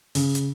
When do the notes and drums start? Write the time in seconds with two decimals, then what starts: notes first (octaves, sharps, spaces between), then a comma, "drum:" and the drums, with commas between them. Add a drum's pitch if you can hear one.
0.15 C#3, drum: open hi-hat
0.35 drum: hi-hat